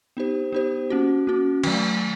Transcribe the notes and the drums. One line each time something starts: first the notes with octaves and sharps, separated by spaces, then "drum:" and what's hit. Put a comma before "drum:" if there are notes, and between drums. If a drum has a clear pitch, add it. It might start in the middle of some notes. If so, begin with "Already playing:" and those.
B3 D#4 G4 C5
B3 D#4 G4 C5
A#3 C#4 F#4
A#3 C#4 F#4
D#3 F#3 A3, drum: cymbal